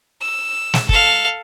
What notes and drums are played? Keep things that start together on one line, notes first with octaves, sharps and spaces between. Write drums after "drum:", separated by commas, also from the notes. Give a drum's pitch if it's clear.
E6
drum: snare
A4 F5, drum: kick